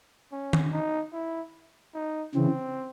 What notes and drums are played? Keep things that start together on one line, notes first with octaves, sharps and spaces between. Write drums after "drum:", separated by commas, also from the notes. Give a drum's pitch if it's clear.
C#4
drum: tom D#3
D#4
E4
D#4
C#3 E3 C4